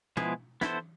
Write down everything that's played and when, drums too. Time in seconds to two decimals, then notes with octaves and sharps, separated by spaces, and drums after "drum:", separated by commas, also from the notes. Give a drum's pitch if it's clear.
0.17 F3 G#3 B3 E4 G#4, drum: tom
0.61 B3 E4 A4 C5, drum: snare